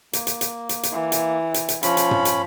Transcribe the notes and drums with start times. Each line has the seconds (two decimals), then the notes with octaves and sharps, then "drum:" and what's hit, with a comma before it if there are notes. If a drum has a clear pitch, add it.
0.13 A#3, drum: hi-hat
0.27 drum: hi-hat
0.41 drum: hi-hat
0.69 drum: hi-hat
0.83 drum: hi-hat
0.93 E3
1.12 drum: hi-hat
1.54 drum: hi-hat
1.68 drum: hi-hat
1.83 F3 C#4 B5, drum: hi-hat
1.97 drum: hi-hat
2.11 drum: tom
2.25 drum: hi-hat